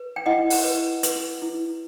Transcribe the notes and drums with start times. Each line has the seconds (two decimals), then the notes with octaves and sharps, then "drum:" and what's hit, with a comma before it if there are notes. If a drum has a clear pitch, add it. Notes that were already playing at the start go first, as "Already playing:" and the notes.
Already playing: B4
0.16 G5
0.26 E4 D#5 F#5
0.50 drum: open hi-hat
0.64 B4
1.03 B4, drum: hi-hat
1.42 E4